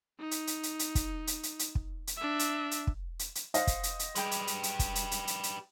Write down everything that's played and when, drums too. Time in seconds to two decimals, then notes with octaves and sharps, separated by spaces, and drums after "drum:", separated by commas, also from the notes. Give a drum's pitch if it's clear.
0.20 D#4
0.31 drum: hi-hat
0.47 drum: hi-hat
0.63 drum: hi-hat
0.79 drum: hi-hat
0.95 drum: kick, hi-hat
1.27 drum: hi-hat
1.43 drum: hi-hat
1.59 drum: hi-hat
1.75 drum: kick
2.07 drum: hi-hat
2.17 D4 E5
2.39 drum: hi-hat
2.71 drum: hi-hat
2.87 drum: kick
3.19 drum: hi-hat
3.35 drum: hi-hat
3.54 C5 D#5 F5 F#5, drum: hi-hat
3.67 drum: kick, hi-hat
3.83 drum: hi-hat
3.99 drum: hi-hat
4.15 G3 G#3 G4 B4 G5, drum: hi-hat
4.31 drum: hi-hat
4.47 drum: hi-hat
4.63 drum: hi-hat
4.79 drum: kick, hi-hat
4.95 drum: hi-hat
5.11 drum: hi-hat
5.27 drum: hi-hat
5.43 drum: hi-hat